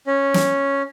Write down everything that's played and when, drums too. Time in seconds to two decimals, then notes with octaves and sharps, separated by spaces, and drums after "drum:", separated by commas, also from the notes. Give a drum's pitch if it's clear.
0.07 C#4
0.34 drum: snare